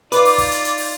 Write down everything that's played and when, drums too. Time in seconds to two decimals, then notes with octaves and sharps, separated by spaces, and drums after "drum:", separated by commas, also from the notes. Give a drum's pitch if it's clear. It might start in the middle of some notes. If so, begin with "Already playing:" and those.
0.12 D#4 F4 B4 D5 D6, drum: hi-hat
0.25 drum: open hi-hat
0.38 drum: kick, open hi-hat
0.51 drum: hi-hat
0.64 drum: hi-hat
0.77 drum: open hi-hat